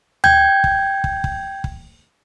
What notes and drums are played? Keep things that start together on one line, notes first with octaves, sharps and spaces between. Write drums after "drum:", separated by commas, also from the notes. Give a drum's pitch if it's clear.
G5 G6 G#6, drum: tom D2
drum: kick
drum: kick
drum: kick
drum: kick